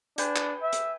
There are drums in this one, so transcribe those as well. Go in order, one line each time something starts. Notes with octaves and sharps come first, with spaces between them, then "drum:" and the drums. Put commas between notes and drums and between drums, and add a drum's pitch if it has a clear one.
D4 B4 G5 G#5, drum: hi-hat
drum: clap
E5
drum: hi-hat